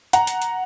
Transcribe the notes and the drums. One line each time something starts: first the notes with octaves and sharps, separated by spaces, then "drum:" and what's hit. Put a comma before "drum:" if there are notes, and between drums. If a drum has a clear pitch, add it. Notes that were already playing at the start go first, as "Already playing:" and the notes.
F#5 A#5, drum: hi-hat
drum: hi-hat
drum: hi-hat